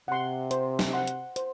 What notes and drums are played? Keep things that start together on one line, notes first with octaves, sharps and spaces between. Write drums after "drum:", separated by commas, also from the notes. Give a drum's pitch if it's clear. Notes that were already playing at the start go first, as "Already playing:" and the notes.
C3 F#5 C6
C5, drum: hi-hat
drum: snare
F#5 C6
drum: hi-hat
C5, drum: hi-hat